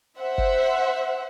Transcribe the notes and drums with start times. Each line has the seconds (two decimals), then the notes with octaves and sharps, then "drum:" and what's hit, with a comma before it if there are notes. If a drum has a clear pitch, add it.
0.19 C5 E5 F#5
0.38 drum: kick